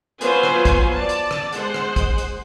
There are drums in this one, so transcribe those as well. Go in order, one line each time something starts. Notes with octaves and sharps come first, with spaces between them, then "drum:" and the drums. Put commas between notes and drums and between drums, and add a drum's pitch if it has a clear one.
F#3 B3 F4 B4 C5 G#5, drum: hi-hat
drum: rim click
drum: kick, hi-hat
D5 A5
drum: hi-hat
drum: rim click
G#3 C5 F#5, drum: hi-hat
drum: rim click
drum: kick, hi-hat
drum: hi-hat